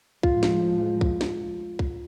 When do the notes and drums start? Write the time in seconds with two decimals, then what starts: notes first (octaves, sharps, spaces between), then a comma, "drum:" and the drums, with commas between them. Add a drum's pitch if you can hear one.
0.23 A2 F3 G#3 F4, drum: kick
0.43 drum: snare
1.01 drum: kick
1.21 drum: snare
1.79 drum: kick